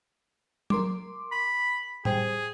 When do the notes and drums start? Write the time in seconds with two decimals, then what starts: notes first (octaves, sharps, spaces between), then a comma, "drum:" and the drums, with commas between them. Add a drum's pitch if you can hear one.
0.70 A#4 C6 D6, drum: tom F#3
1.32 B5
2.05 G3 G#4 C5 G5, drum: tom A2